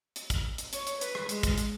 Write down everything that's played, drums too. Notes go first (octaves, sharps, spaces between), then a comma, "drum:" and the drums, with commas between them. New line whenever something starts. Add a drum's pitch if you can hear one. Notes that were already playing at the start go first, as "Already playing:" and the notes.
drum: hi-hat
drum: kick, hi-hat
drum: hi-hat
C#5, drum: hi-hat
drum: hi-hat
B4, drum: hi-hat
drum: rim click
G#3, drum: hi-hat
drum: kick, hi-hat
drum: hi-hat